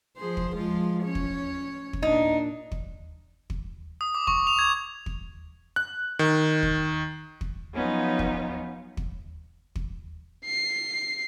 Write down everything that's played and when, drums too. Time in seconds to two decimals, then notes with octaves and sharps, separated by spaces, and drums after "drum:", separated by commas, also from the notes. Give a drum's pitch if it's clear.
0.17 F3 G#4 C5
0.37 drum: kick
0.55 F3 G#3 F4
1.04 C#4 C#5
1.15 drum: kick
1.93 drum: kick
2.03 A#2 D4 D#4
2.72 drum: kick
3.50 drum: kick
4.01 D#6
4.15 D6
4.27 C#6, drum: kick
4.47 F7
4.59 G#6
5.06 drum: kick
5.76 F#6
6.19 D#3
6.63 drum: kick
7.41 drum: kick
7.74 F3 F#3 B3 C#4 D#4 F4
8.19 drum: kick
8.97 drum: kick
9.75 drum: kick
10.45 C7